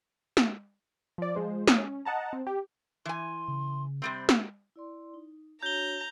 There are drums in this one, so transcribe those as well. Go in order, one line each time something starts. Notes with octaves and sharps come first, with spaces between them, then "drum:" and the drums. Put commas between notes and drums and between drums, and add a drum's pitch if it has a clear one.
drum: snare
F3 D5
F3 G#3 C5
drum: snare
C#4
D#5 F#5 A5 A#5
C4
G4
E3 G#5 C6
C#3
C3 G3 C4 B5
drum: snare
E4 D5 C6
D#4
D4 F#4 C#5 A#5 G6 G7